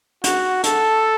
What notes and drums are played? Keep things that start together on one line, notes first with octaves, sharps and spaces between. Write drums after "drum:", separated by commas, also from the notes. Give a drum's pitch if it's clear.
F#4, drum: hi-hat
A4, drum: hi-hat